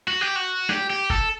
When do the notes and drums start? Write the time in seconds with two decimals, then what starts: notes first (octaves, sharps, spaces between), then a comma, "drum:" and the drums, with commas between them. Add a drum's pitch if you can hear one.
0.08 F#4
0.21 G4
0.36 F#4
0.69 G4, drum: snare G3
0.90 G4
1.10 A4, drum: kick F#1